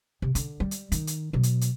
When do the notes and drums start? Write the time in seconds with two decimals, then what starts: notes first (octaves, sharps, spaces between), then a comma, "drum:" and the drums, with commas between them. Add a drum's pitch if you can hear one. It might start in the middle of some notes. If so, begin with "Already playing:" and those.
0.22 C3
0.35 D3, drum: hi-hat
0.60 G3
0.71 drum: hi-hat
0.92 D#3, drum: hi-hat
1.07 drum: hi-hat
1.33 B2 F#3
1.43 drum: hi-hat
1.61 drum: hi-hat